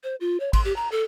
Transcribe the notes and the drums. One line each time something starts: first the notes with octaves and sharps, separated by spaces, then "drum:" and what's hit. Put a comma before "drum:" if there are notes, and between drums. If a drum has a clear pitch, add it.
C5
F4
C#5
C6, drum: kick G#1, cymbal
G4
A#5
A4